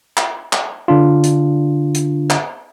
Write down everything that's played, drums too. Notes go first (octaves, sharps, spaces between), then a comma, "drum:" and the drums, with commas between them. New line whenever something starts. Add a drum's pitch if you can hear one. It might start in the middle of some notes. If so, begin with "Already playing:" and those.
drum: clap
drum: clap
D3 D4 F4
drum: hi-hat
drum: hi-hat
drum: clap